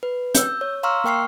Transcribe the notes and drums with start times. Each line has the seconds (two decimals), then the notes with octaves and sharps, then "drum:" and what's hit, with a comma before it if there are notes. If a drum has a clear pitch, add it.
0.03 B4
0.35 E6 G6, drum: hi-hat
0.61 C#5
0.83 F5 A#5 C6 C#6 E6 F6
1.04 A#3 A#4 G5 C#6 F6 C7